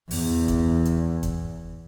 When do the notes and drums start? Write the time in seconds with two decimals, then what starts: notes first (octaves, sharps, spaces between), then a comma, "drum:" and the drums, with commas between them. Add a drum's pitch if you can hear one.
0.11 E2, drum: open hi-hat
0.48 drum: kick, hi-hat
0.85 drum: hi-hat
1.23 drum: kick, hi-hat